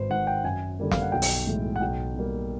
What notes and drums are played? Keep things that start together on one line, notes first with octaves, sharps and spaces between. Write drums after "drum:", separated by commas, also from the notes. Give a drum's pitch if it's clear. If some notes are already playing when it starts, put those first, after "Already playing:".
Already playing: G#1 B4 C5
G#2 D#3 F#5
G5
F#2 G#5
D3 G3 A#3
F5, drum: snare
F#5
B1 G5
drum: open hi-hat
A2 E3 G#3
F#5
B1 G5
B2 G3 A#3